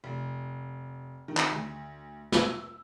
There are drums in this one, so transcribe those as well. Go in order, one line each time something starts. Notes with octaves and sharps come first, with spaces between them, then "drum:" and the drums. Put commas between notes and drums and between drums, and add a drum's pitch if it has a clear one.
F1
D#3
drum: clap
D2
E6, drum: snare